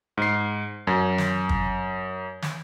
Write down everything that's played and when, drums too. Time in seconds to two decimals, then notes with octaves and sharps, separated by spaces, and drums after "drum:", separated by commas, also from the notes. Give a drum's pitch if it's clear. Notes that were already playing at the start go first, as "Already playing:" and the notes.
0.17 G#2 C7
0.87 F#2
1.18 drum: snare
1.49 drum: kick
2.42 drum: snare